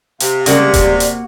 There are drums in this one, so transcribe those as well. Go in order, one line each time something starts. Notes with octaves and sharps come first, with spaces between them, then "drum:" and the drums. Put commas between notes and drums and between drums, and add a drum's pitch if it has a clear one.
C3 F5, drum: hi-hat
C#3 G3 G#3 A#3 F#4 D5, drum: hi-hat
drum: kick D#1, hi-hat
drum: hi-hat